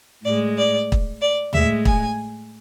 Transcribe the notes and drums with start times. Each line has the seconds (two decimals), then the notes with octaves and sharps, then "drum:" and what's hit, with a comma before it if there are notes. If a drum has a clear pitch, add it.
0.24 A2 G#3 D5
0.56 D5
0.92 drum: kick
1.21 D5
1.53 A2 G#3 E5, drum: tom
1.85 G#5, drum: kick